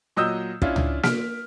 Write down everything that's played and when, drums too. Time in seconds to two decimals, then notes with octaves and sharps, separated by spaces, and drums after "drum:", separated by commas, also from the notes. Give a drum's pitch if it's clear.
0.16 A#2 F#3 D#5 D#6 E6 G6
0.62 C#4 D4 E4 F4, drum: kick
0.76 drum: tom C#2
1.03 F6 B6 D7, drum: snare A#3